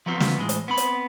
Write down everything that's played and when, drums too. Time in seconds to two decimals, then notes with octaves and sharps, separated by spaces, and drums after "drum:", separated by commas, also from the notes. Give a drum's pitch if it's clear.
0.06 F3 F#3 B3 C4 F4
0.20 drum: snare
0.38 A2 E3 G#3
0.49 drum: hi-hat
0.68 B3 C4 B5
0.77 drum: hi-hat